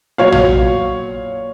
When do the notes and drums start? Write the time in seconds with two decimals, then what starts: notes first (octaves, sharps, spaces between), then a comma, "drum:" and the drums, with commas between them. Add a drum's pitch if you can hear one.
0.18 A#2 F#3 C#5 F5
0.32 drum: tom A#1